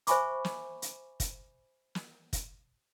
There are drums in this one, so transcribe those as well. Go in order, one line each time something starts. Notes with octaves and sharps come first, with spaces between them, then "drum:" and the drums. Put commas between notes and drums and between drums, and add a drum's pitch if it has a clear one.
C5 E5 G#5 B5 C#6 D6, drum: hi-hat
drum: snare
drum: hi-hat
drum: kick, hi-hat
drum: snare
drum: kick, hi-hat